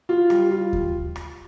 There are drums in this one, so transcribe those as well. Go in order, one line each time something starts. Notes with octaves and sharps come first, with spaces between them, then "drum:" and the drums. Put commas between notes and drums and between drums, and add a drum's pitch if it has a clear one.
F4
G3, drum: rim click
F4
drum: kick D#2
drum: rim click